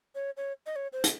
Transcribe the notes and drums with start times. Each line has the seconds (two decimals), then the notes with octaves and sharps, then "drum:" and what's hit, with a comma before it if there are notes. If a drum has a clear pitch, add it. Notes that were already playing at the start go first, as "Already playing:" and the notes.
0.15 C#5
0.37 C#5
0.66 D#5
0.76 C#5
0.93 C5
1.04 drum: hi-hat